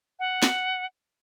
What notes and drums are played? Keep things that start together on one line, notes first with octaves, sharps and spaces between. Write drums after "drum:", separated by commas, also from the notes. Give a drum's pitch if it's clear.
F#5
drum: snare